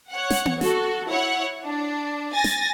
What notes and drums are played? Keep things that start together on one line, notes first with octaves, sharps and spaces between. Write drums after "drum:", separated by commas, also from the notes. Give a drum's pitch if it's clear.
C#5 F#5
drum: snare
drum: tom B3
F#4 A4, drum: snare
E4 C#5 F#5
D4
G#5 A6 A#6
drum: snare